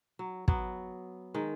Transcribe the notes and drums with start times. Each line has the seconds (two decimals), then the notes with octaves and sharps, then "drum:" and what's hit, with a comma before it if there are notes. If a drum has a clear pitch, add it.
0.19 F#3
0.48 F#3 B3, drum: kick
1.34 D#3 G#3